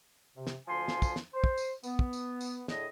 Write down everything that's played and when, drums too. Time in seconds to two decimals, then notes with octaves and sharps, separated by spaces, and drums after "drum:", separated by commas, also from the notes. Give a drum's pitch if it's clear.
0.35 C3
0.47 drum: snare
0.67 D2 F3 G#5 C6
0.88 drum: snare
1.02 drum: kick, tambourine
1.16 drum: snare
1.33 C5
1.44 drum: kick
1.57 drum: tambourine
1.83 B3, drum: tambourine
1.99 drum: kick
2.13 drum: tambourine
2.41 drum: tambourine
2.68 A2 D3 G#4 D#5, drum: snare